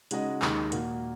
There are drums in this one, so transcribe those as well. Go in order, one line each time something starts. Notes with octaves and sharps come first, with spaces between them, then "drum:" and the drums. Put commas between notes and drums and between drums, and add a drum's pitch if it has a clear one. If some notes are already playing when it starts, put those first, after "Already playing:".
C#3 G#3 D#4 F#4 D#5, drum: hi-hat
D#2 D#3 G#3 D#4, drum: clap
A#2 A#3 F#4 A#4, drum: hi-hat